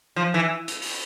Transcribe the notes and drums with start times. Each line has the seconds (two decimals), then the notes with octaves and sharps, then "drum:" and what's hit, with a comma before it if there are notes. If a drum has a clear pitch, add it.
0.16 F3
0.34 E3
0.68 drum: hi-hat
0.82 drum: open hi-hat